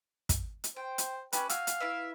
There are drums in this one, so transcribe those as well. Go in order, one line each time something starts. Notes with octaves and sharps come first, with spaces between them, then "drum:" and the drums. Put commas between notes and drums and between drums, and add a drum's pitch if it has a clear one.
drum: kick, hi-hat
drum: hi-hat
C5 G5
drum: hi-hat
C#4 F4 G4 B4, drum: hi-hat
F#4 F5 G#5 E6, drum: hi-hat
drum: hi-hat
E4 B4 E5